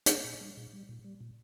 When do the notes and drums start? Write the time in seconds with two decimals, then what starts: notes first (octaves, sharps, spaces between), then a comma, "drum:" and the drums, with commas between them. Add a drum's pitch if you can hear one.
0.06 drum: hi-hat
0.24 A#2
0.41 G3
0.57 A#2
0.73 G3
0.89 A#2
1.04 G3
1.21 A#2